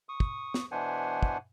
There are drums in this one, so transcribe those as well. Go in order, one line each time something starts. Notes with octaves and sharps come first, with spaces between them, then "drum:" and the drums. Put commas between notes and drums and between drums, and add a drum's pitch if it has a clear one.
C#6 D#6
drum: kick
drum: snare
B2 E3 D4 C5 F#5 G#5
drum: kick